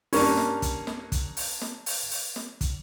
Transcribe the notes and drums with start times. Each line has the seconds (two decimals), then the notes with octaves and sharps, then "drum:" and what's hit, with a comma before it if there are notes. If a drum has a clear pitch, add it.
0.13 G2 A#3 C#4, drum: open hi-hat
0.37 drum: snare
0.62 drum: kick, hi-hat
0.87 drum: snare
1.12 drum: kick, hi-hat
1.37 drum: open hi-hat
1.61 drum: snare
1.86 drum: open hi-hat
2.11 drum: open hi-hat
2.36 drum: snare
2.61 drum: kick, hi-hat